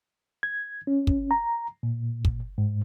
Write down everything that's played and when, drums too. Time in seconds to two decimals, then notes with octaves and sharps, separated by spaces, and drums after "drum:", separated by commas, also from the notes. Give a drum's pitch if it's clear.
0.43 G#6
0.87 C#4
1.07 drum: kick
1.31 A#5
1.83 A#2
2.25 drum: kick
2.58 G#2